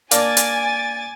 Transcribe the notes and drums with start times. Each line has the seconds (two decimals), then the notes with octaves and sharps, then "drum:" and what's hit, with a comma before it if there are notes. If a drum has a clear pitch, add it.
0.11 A#3 D4 A#4 G#5 D6 A6, drum: hi-hat
0.37 drum: hi-hat